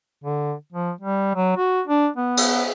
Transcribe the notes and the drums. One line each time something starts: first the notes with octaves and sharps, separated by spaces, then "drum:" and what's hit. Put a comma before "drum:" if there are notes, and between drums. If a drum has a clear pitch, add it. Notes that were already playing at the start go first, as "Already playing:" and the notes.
D3
F3
G3
F#3
F#4
D4
B3
drum: cymbal